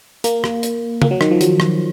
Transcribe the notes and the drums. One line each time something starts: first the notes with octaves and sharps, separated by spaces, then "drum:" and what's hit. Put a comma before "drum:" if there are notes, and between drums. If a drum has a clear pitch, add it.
A#3, drum: hi-hat
drum: rim click
drum: hi-hat
A#3, drum: tom
F#3
D#3, drum: rim click
F3
F#3, drum: hi-hat
drum: rim click